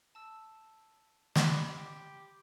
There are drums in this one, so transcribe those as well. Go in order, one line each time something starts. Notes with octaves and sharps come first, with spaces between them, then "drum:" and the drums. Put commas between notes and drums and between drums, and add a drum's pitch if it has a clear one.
A5 E6
B5 C6 D6, drum: snare
G4